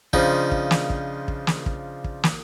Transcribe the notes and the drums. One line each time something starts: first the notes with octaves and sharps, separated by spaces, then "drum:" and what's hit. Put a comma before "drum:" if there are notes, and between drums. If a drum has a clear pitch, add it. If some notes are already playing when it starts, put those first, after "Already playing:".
C#3 F3 D4 D#4 F4 C5, drum: kick
drum: kick
drum: snare
drum: kick
drum: kick
drum: snare
drum: kick
drum: kick
drum: snare